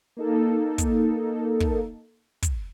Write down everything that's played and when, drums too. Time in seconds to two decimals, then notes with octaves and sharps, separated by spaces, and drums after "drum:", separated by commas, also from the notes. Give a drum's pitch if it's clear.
0.17 A#3 D#4 A4
0.78 drum: kick, hi-hat
1.60 drum: kick
2.43 drum: kick, hi-hat